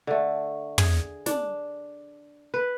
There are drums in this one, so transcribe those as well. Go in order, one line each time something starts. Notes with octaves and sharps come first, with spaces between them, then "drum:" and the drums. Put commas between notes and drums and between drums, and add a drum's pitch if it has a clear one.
D3 A3
G#4, drum: tom
D4, drum: snare
B4